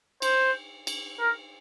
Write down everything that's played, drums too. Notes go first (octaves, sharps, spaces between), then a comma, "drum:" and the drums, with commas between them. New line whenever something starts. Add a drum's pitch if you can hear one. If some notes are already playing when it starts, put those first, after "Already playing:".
C5, drum: cymbal
drum: cymbal
A#4